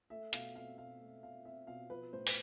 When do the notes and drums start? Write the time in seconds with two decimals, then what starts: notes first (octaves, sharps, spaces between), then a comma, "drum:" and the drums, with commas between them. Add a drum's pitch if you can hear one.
0.10 A3 E5
0.33 B2 F5, drum: hi-hat
0.55 C4 F5
0.78 B2 F5
1.00 A3
1.23 B2 F5
1.45 C4 E5
1.67 B2 F5
1.90 F3 B4
2.13 A2 C5
2.27 B4, drum: open hi-hat